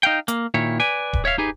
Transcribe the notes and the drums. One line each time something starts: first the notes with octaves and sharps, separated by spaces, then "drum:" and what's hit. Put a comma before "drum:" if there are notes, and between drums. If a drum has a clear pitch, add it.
D#4 F5 G5
A#3, drum: hi-hat
A#2 D#3 E4 C#5
B4 D5 G#5
drum: kick D#1
C#5 E5 F5
D#4 G4 G#4 B4